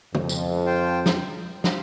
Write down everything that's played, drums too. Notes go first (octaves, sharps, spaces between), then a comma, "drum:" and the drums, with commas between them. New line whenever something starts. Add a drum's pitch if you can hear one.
F2, drum: tom
drum: tambourine
F4 C5 G5
drum: snare
G4 C5 F5, drum: snare